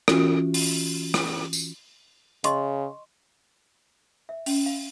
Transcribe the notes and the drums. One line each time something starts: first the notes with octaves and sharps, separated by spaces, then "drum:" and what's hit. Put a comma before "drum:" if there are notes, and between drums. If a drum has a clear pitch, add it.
E3 C#4 F4 F#4, drum: rim click
drum: open hi-hat
drum: rim click
drum: tambourine
C#3 D#5 C6 C#6, drum: hi-hat
E5
C#4, drum: open hi-hat
F5